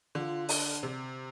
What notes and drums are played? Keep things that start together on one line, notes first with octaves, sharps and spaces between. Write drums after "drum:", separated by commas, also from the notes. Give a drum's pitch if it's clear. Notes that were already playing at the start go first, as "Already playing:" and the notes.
D3 F4
D4, drum: open hi-hat
C3